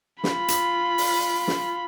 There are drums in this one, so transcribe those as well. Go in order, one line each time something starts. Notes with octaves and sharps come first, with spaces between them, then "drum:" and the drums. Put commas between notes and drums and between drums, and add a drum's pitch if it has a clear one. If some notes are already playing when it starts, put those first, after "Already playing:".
F4 B5, drum: snare
drum: hi-hat
drum: open hi-hat
drum: snare